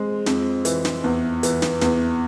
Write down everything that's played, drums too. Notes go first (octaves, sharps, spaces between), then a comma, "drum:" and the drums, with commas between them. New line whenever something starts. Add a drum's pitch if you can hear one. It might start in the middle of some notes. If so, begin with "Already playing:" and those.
Already playing: G#3 C4
F2, drum: snare
E3, drum: hi-hat
drum: snare
E2
E3, drum: hi-hat
drum: snare
E2, drum: snare